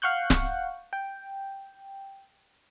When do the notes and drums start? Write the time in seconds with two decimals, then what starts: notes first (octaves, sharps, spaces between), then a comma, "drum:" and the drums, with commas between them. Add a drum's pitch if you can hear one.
0.02 F5 F#5 C#6 F#6 G6
0.30 drum: snare D1
0.93 G5